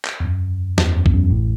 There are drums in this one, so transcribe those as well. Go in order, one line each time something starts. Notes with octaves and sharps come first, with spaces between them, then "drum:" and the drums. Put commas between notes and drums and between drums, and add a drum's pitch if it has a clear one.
drum: clap
E2
F#2
E2, drum: snare
F#2
E2, drum: kick B1
F#2
A1 A2